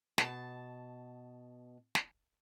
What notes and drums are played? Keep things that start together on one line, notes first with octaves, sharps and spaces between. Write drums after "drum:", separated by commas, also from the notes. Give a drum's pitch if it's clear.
B2 C#5 A5, drum: snare
drum: snare